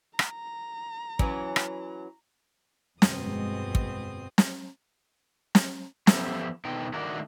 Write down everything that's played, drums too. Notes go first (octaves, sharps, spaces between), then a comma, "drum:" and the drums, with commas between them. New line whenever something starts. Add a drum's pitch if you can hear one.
A#5, drum: rim click
E3 F#3 C#4, drum: kick
drum: rim click
G1 F2 B2 G#3 C4 D#6, drum: snare
drum: kick
drum: snare
drum: snare
F3 B3 G4 A4 E5, drum: snare
B2 D3 D#4 G5
D#3 A3 D4 F#4 A#4 D5